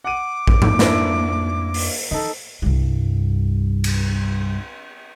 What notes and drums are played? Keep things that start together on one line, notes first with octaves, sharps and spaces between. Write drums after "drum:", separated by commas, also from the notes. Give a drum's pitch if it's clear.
F#5 D6 D#7
drum: kick A1
F2 D#4, drum: tom G#2
A#3 D4 E4, drum: snare
drum: open hi-hat
E3 D#4 A4
C2 G2
drum: cymbal